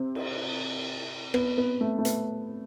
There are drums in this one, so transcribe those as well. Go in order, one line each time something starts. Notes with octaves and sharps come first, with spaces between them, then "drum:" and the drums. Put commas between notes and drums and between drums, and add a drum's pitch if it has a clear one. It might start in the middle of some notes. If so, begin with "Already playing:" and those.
Already playing: C3 C4
drum: cymbal
B3, drum: rim click
B3
A3
A3
B3, drum: hi-hat